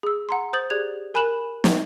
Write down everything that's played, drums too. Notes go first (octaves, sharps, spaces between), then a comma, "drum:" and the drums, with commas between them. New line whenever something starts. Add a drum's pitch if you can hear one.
G#4 E6
F#5 A#5 C6
C5 D#6 G6 A6 F#7
G4 G#4 D5 F#6 G#6 F7
A#4 G#5 B5 F#6 E7 F#7
drum: snare